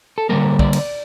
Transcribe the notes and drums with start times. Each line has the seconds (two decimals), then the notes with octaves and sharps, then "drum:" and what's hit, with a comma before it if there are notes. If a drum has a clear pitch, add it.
0.18 A4
0.29 D3 G3 A#3 A#4
0.59 D5, drum: kick
0.73 drum: cymbal